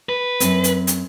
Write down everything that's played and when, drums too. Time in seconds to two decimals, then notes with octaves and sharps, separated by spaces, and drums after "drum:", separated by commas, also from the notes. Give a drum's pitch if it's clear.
0.09 B4
0.40 F#2 C4, drum: hi-hat
0.64 drum: hi-hat
0.87 drum: hi-hat